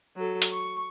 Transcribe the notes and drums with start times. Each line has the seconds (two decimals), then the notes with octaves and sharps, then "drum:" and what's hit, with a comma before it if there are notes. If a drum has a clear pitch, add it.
0.16 F#3 A4
0.42 drum: hi-hat
0.52 C#6